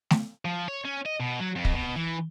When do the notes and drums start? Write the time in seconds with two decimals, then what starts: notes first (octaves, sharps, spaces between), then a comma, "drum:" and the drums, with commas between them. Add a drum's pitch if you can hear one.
0.10 drum: snare A3
0.45 F3
0.68 C#5
0.85 C#4
1.06 D#5
1.20 B2
1.40 F#3
1.56 F2
1.65 drum: kick
1.74 B2
1.96 E3